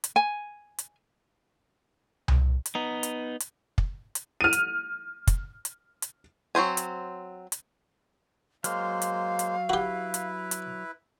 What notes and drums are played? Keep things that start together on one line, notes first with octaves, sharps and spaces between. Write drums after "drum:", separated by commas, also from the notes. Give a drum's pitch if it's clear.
drum: hi-hat
G#5
drum: hi-hat
drum: tom C2
drum: hi-hat
B3 D#4
drum: hi-hat
drum: hi-hat
drum: kick
drum: hi-hat
F6 D#7
drum: hi-hat
drum: kick, hi-hat
drum: hi-hat
drum: hi-hat
F#3 C4 C5 G#5
drum: hi-hat
drum: hi-hat
F#3 G#3 A#3 C5 F5 F6, drum: hi-hat
drum: hi-hat
drum: hi-hat
E4 F#4 G4 B4
drum: hi-hat
drum: hi-hat